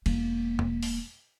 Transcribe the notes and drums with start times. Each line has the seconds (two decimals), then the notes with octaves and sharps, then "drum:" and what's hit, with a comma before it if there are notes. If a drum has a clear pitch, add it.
0.06 E1 A#3, drum: cymbal
0.59 drum: tom E2
0.83 drum: open hi-hat